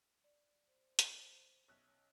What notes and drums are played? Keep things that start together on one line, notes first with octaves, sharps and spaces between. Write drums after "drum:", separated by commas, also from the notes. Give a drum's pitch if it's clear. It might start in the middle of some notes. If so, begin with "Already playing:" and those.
D5
C5
drum: hi-hat
B1 C#4 E5 F#6